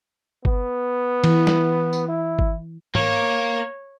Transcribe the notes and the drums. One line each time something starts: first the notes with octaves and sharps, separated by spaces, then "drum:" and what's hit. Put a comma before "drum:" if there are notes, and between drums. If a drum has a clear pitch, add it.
B3, drum: kick G1
E3, drum: cymbal
drum: snare
drum: tambourine
E4
drum: kick G1
A#3 C#5, drum: tom G#2